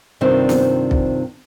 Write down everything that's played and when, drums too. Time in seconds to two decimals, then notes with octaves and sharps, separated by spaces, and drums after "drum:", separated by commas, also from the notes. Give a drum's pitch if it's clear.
0.21 G2 C3 D#3 C4 D4 F4
0.49 drum: snare
0.91 drum: kick B1